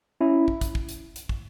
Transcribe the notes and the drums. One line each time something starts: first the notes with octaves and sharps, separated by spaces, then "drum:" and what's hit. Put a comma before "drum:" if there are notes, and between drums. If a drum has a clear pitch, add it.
C#4 E4
drum: kick
drum: kick, hi-hat
drum: kick
drum: hi-hat
drum: hi-hat
drum: kick